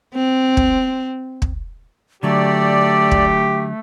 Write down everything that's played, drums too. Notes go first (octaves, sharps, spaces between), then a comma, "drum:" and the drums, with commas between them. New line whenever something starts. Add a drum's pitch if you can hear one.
C4
drum: kick
drum: kick
D3 F#3 A3 G4 D5
drum: kick